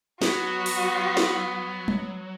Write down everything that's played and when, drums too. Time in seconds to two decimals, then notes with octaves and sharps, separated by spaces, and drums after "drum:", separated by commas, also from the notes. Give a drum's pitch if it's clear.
0.22 F#3 B3 F#4, drum: snare
0.66 drum: open hi-hat
1.17 drum: snare
1.88 drum: tom G3